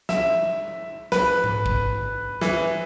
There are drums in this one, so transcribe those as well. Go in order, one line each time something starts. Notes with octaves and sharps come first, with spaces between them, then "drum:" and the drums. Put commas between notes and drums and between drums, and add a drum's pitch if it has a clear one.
E5, drum: snare
B4, drum: snare
drum: tom G#2
drum: kick
E3, drum: snare